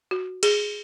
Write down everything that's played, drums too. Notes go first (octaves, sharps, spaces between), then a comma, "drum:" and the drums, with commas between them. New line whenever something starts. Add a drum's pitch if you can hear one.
F#4
G#4, drum: cymbal